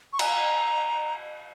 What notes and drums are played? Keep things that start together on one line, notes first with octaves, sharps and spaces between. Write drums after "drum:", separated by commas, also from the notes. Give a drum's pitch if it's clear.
C#6
A#5, drum: cymbal